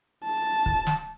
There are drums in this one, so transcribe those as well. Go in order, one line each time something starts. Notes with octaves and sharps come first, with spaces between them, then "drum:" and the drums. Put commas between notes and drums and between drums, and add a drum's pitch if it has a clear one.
A5
drum: kick
drum: snare